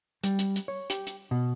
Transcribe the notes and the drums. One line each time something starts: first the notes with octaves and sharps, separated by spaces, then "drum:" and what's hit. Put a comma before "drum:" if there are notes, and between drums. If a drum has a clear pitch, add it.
G3, drum: hi-hat
drum: hi-hat
drum: hi-hat
C#5
G4, drum: hi-hat
drum: hi-hat
B2